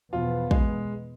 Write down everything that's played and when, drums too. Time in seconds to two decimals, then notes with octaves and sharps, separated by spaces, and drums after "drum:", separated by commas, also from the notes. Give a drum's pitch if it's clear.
0.13 E2 B2 F3 B3 F4
0.51 G#3 G#4, drum: kick